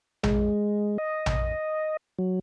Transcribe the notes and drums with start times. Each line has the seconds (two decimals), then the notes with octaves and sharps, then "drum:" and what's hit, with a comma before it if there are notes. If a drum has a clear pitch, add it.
0.23 G#3, drum: tom A#1
0.98 D#5
1.26 drum: tom A#1
2.19 F#3